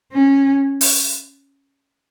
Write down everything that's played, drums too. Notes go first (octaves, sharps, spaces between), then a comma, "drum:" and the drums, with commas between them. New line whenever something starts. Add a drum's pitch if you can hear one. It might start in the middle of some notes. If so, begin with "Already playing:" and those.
C#4
drum: open hi-hat